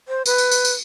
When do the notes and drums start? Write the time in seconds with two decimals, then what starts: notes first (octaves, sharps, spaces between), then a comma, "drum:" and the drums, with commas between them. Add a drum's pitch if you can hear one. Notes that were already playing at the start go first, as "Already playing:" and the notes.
0.08 C5
0.26 B4, drum: tambourine
0.38 drum: tambourine
0.51 drum: tambourine
0.65 drum: tambourine